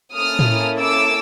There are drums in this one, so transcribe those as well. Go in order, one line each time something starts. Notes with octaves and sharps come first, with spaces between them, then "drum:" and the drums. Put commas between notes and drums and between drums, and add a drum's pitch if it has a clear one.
A#3 C#4 E4 A4 D#6 F6
drum: tom A2
D6 E6